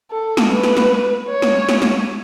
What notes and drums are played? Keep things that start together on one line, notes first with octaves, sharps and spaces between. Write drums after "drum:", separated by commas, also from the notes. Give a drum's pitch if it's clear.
A4
drum: snare
B4
drum: snare
drum: snare
C#5
drum: snare
drum: snare
drum: snare